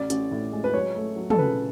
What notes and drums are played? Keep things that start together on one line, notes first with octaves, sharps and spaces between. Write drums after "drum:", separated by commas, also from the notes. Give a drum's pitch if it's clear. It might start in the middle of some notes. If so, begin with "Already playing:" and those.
Already playing: A1 D5
A1, drum: hi-hat
A2
G#3
B4
F#3 C#5
A3
F#3
A4, drum: tom
C#3 B4